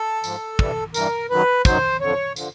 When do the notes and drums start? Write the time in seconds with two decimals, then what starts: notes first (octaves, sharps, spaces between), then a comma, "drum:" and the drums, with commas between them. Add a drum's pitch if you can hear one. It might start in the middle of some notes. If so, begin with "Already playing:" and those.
Already playing: A4
0.24 G#2 F3, drum: tambourine
0.59 G2 E3 G3, drum: kick
0.94 G2 E3 G3 A#4, drum: tambourine
1.30 F#2 D#3 F#3 B4
1.65 F#2 D#3 F#3 C5, drum: kick, tambourine
2.01 F2 D3 F3 C#5
2.36 D3 F3, drum: tambourine